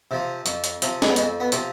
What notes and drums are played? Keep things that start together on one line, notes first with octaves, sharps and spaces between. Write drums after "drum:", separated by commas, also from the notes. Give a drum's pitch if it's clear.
C3 F3
F2, drum: hi-hat
drum: hi-hat
C3 F3, drum: hi-hat
G#3, drum: snare
B3
F2 G#3 C4, drum: hi-hat
B3
C3 F3, drum: hi-hat